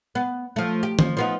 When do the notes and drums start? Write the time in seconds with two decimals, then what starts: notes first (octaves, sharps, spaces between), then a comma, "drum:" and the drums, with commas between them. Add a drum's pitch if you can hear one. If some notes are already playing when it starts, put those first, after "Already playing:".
0.15 B3
0.56 F3 A3
0.83 G4
0.99 F3, drum: tom D#3
1.17 F3 B3 D#4